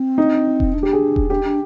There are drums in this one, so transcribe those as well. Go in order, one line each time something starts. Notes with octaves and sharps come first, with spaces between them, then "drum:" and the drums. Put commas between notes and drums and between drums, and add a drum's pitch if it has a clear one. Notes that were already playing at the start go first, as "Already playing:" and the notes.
Already playing: C4
D#4
drum: kick E1
D4
G4
G#4
drum: kick E1
D4 G4
D4